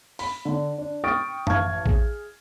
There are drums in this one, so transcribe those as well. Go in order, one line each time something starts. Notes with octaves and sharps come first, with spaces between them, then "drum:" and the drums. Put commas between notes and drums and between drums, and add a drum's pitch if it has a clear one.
B5, drum: open hi-hat
D3 D4
D4
G5 C#6 D#6 F6 A6 D7
A1 F5 A5 C#6 F6 G#6, drum: tom F#2
G#4, drum: kick A1